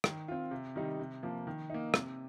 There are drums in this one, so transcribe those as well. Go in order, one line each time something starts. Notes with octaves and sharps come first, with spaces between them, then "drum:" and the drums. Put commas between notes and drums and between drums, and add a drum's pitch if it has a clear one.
D#3, drum: rim click
C4 F4
C3
D#3 G3 D#4
C3
F3 A#3
D#3
A#3 D#4
C3, drum: rim click